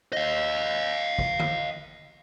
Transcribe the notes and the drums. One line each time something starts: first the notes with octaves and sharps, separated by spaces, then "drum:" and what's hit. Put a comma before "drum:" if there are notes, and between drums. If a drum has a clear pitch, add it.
D#5 F5
drum: kick
drum: tom D3